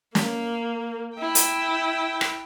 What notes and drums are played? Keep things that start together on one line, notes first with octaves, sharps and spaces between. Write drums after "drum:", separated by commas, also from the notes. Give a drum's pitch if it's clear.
A#3, drum: snare
E4 G5
drum: hi-hat
drum: rim click